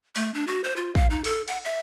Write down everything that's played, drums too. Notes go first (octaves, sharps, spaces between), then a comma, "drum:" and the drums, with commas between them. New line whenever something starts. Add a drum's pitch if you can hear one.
A3, drum: open hi-hat
D4
F#4
C5
F4
F5, drum: kick
D#4
A4, drum: open hi-hat
F#5, drum: cymbal
E5